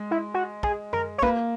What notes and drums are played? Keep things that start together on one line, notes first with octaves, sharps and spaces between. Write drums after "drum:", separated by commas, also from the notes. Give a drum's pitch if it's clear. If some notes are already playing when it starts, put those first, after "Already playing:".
Already playing: G#3
E4
F#4
G#4, drum: kick
A#4, drum: tom F#2
C#5
A#3 B4, drum: kick